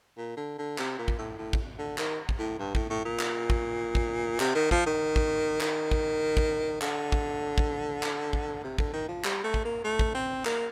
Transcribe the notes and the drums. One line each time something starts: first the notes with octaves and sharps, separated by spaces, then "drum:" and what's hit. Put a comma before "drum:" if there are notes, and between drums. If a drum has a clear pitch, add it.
A#2
D3
D3
C3, drum: clap
A#2
drum: kick
A2
A2
drum: kick
D3
D#3, drum: clap
drum: kick
A2
G2
A2, drum: kick
A2
A#2
drum: clap
drum: kick
drum: kick
C3, drum: clap
D#3
F3, drum: kick
D#3
drum: kick
D#3, drum: clap
drum: kick
drum: kick
D3, drum: clap
drum: kick
drum: kick
drum: clap
drum: kick
C3
D3, drum: kick
D#3
F3
G3, drum: clap
A3
drum: kick
A#3
A3
drum: kick
C4
A#3, drum: clap